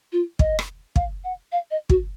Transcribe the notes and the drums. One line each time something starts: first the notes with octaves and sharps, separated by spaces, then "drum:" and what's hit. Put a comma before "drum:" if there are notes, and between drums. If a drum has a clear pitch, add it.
F4
D#5, drum: kick
drum: rim click
F5, drum: kick
F#5
F5
D#5
F#4, drum: kick